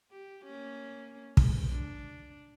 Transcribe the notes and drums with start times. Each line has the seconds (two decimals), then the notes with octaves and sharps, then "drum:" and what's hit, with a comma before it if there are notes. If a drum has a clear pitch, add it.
0.11 G4
0.45 A#3 C#4
1.37 G#3, drum: kick
1.71 D4